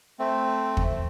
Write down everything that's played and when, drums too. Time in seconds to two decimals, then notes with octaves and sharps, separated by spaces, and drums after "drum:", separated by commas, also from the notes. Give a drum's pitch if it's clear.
0.19 A3 C4
0.77 drum: kick